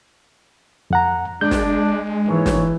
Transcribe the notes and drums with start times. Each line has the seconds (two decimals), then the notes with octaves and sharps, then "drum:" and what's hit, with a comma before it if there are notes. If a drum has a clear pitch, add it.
0.90 F2 F#5 A#5
1.41 G#3 D4 G6
1.51 drum: snare
2.27 G#2 E3 A#3 C#5
2.46 drum: snare